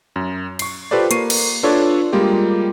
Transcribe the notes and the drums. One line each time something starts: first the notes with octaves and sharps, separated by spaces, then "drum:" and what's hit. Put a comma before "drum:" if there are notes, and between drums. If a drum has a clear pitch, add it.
F#2
C#6 C7, drum: cymbal
F4 G4 A4 B4 C5 D5
A#3 C#6 C7 D#7, drum: hi-hat
drum: cymbal
D4 F4 A4 B4 C#5 D5
G3 G#3 A#3 F4 G4